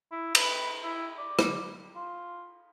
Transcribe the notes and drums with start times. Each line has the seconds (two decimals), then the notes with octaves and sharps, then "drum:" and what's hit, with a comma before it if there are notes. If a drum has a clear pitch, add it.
0.11 E4
0.35 B4, drum: cymbal
0.83 E4
1.18 D5
1.39 drum: rim click
1.95 F4